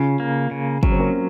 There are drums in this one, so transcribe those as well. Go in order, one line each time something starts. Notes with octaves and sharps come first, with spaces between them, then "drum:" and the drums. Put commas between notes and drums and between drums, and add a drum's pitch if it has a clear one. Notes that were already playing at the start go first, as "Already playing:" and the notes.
Already playing: C#3 C#4 F4
A#3
C#3
F#3 C#4, drum: kick
C4
A#3 C#4